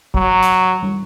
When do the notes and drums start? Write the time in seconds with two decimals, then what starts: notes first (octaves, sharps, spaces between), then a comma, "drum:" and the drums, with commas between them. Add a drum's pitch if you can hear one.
0.14 F#3, drum: kick
0.42 drum: hi-hat
0.83 drum: tom G3